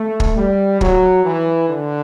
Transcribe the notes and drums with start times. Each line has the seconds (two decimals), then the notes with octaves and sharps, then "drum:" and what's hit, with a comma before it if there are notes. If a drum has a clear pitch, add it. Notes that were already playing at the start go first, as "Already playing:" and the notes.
Already playing: A3
0.20 drum: kick
0.36 G3
0.81 F#3, drum: kick
1.25 E3
1.69 D3